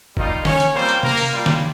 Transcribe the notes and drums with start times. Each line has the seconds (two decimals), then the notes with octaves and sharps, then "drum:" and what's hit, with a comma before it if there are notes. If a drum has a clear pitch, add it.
0.17 G3 A#3 D#4 F4 D#5, drum: kick F#1
0.45 C#4 C#5, drum: snare D#3
0.60 drum: hi-hat
0.74 G3 A#3 C4 F4 C5
0.89 drum: hi-hat
1.03 A#3 A#4, drum: tom C3
1.17 drum: open hi-hat
1.32 G3 A#3 F4
1.46 drum: snare D#3